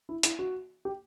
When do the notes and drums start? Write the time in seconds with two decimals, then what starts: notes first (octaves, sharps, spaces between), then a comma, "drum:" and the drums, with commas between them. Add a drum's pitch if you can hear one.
0.09 E4
0.23 E4, drum: hi-hat
0.39 F#4
0.85 G4